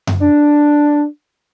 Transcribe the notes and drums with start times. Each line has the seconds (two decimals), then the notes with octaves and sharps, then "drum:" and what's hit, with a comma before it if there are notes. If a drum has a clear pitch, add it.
0.07 drum: tom F#2
0.22 D4